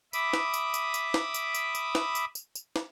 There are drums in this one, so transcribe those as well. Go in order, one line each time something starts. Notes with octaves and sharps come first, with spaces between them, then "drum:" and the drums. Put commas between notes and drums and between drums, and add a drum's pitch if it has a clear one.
E5 B5 D6 D#6, drum: tambourine
drum: snare
drum: tambourine
drum: tambourine
drum: tambourine
drum: snare
drum: tambourine
drum: tambourine
drum: tambourine
drum: snare
drum: tambourine
drum: tambourine
drum: tambourine
drum: snare